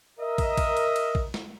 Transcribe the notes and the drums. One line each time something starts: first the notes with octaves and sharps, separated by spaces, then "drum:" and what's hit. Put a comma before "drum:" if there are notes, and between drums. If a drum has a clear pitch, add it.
A#4 D#5 E5
drum: kick, cymbal
drum: kick, cymbal
drum: cymbal
drum: cymbal
drum: kick
drum: snare